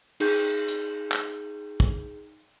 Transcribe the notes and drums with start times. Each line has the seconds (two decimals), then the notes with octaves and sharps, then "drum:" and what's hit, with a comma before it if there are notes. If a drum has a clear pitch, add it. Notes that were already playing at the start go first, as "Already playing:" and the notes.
0.20 D#4 G#4 G6, drum: cymbal
0.68 drum: hi-hat
1.12 drum: clap
1.80 drum: kick